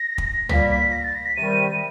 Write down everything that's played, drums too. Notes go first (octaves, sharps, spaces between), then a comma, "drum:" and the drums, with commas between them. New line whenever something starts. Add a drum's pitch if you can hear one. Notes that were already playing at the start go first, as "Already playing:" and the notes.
Already playing: A#6
drum: kick
A#2 G3 A#3 B6, drum: tom
B6
A#6
A6
A#6
B6
C3 D#3 G3 D#7